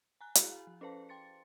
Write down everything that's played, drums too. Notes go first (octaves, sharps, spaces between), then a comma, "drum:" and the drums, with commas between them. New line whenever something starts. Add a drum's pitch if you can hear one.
G#5 A#5 F#6
E4 F#4 G#4 F5 B5, drum: hi-hat
F5
F3
C#4 A4 B4 C5 F5 A5
G5 C6 A6 C#7